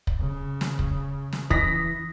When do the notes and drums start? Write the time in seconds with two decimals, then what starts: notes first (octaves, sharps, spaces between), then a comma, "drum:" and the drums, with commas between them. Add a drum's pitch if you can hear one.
0.07 drum: kick
0.20 C#3
0.61 drum: snare
0.79 drum: kick
1.33 drum: snare
1.50 E3 D#6 A#6 B6, drum: kick